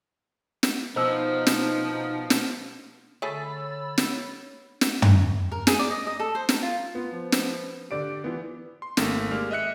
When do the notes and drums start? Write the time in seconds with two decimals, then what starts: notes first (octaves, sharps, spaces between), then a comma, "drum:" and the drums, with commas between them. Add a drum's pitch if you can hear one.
0.63 drum: snare
0.96 B2 F3 D#4 C5 E6
1.47 drum: snare
2.30 drum: snare
3.22 D3 A3 G#4 C#5 B5 E6 A6
3.98 drum: snare
4.81 drum: snare
5.02 drum: tom
5.52 A#4
5.67 G#4, drum: snare
5.79 D5
5.91 D#5
6.07 D#5
6.20 A4
6.35 C5
6.49 A#4, drum: snare
6.63 F4
6.95 B3 F4
7.12 F3
7.32 drum: snare
7.91 D3 G4 D5 D7
8.24 E3 B3 F4
8.82 C6
8.97 G#1 A3 A#3, drum: snare
9.31 G#3 A#3 G4 D5 F6
9.51 D#5 E5 F#6 C#7